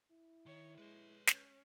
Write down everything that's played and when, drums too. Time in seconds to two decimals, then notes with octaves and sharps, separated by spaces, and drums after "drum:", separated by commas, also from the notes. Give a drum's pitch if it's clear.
0.11 E4
0.46 D#3 C#5
0.78 G#3 B4 C#5
1.27 C#4, drum: snare